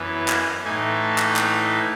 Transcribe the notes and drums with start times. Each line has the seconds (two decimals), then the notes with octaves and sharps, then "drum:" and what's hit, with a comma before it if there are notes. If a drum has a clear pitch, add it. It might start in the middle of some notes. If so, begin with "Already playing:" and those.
Already playing: F#2 E3 B3
0.28 G#5, drum: clap
0.64 A2 E3 A3 D#4 G#5
1.00 A5
1.18 drum: clap
1.36 drum: clap